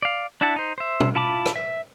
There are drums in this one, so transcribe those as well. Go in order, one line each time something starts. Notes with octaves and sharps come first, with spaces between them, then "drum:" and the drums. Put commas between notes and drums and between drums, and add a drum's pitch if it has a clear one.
D5 F5
D4 E4 E5 F#5 A5
D#4 C5
C5 E5
drum: tom B2
E4 F4 A5 B5 D6
drum: rim click
E5